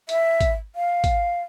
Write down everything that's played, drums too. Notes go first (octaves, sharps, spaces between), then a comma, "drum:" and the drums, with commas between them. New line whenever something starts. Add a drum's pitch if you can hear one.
E5, drum: hi-hat
drum: kick, hi-hat
F5
drum: kick, hi-hat